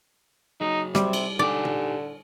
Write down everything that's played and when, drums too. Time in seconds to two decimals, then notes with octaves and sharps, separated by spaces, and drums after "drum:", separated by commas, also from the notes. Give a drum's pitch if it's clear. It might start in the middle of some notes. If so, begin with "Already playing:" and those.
0.61 F#3 D#4 G#4
0.95 C3 G3, drum: snare
1.13 drum: cymbal
1.39 D3 D#4 G4 D5 G#5
1.65 drum: tom A#2